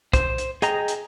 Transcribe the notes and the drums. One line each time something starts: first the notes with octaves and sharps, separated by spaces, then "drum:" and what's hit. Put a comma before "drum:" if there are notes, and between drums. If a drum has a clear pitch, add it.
C5, drum: kick, hi-hat
drum: hi-hat
G#4 D#5 G5 A#5, drum: hi-hat
drum: hi-hat